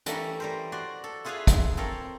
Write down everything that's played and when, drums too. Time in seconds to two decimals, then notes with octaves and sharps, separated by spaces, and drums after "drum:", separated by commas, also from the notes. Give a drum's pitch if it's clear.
0.06 E3 G3 A3 C#4 A4 A#4, drum: hi-hat
0.40 G3 A#4 C5
0.72 F#4 D5 C6
1.04 A4
1.25 E4 F4 G#4 B4 E5 F5
1.47 drum: kick, hi-hat
1.77 C4 A4 A#4 C#5 F5